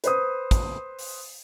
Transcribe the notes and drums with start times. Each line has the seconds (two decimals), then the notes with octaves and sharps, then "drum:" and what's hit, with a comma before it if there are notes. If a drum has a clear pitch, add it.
0.04 B4 C5 D#6, drum: hi-hat
0.51 drum: kick, hi-hat
0.99 drum: open hi-hat